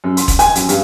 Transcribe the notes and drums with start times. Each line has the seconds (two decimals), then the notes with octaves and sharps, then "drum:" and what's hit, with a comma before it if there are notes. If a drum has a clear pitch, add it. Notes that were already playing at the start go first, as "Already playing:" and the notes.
0.04 F#2
0.17 C6, drum: hi-hat
0.28 drum: kick E1, hi-hat
0.39 G#5, drum: hi-hat
0.55 F#2, drum: hi-hat
0.69 G2, drum: hi-hat